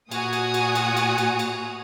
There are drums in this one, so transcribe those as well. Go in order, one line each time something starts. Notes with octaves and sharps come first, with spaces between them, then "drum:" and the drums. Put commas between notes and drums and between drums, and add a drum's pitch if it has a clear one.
A#2 F#4 G#5 D#6, drum: cymbal
drum: cymbal
drum: cymbal
drum: cymbal
drum: cymbal
drum: cymbal
drum: cymbal